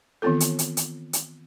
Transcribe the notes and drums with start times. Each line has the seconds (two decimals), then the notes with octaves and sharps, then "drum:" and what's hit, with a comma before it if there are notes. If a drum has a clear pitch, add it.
0.22 D#3 E3 B3 C4 F4 A4
0.40 drum: hi-hat
0.59 drum: hi-hat
0.77 drum: hi-hat
1.13 drum: hi-hat